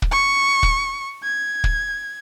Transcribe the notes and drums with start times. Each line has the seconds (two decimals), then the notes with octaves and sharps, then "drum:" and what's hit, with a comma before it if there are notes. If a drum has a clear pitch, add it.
0.02 drum: kick
0.11 C#6
0.63 drum: kick
1.23 G#6
1.64 drum: kick